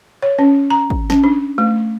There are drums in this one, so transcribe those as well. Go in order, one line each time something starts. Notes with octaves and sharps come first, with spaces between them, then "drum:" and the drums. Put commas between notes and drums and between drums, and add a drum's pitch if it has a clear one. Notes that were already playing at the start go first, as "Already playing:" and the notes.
C#5
C#4
A#5
drum: kick
C#4, drum: snare
D4
A3